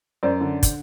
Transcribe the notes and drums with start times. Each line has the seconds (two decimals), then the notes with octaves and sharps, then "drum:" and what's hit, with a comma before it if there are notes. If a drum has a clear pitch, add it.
0.23 F#2 C5 D5
0.41 D3
0.63 drum: kick, hi-hat